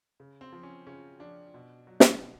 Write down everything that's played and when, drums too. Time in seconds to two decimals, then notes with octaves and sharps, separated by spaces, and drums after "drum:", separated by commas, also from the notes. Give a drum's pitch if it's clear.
0.20 C#3
0.41 C4
0.53 F3
0.63 C#4
0.87 C#3 C#4
1.19 F3 D4
1.54 B2
1.87 F#3
2.00 drum: snare
2.21 B2